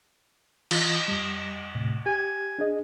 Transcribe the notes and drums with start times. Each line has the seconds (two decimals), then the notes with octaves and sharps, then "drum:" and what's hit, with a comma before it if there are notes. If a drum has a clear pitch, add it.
0.71 E3 F4 A6, drum: cymbal
1.08 F2 G3
1.75 D#2 A2 C3
2.06 G4 G#5
2.59 D4 G#4 D#5